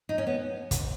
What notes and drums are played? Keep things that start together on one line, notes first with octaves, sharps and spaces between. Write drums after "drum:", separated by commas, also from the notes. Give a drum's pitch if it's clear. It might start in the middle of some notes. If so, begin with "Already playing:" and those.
D#4
C#4
B3
drum: kick, hi-hat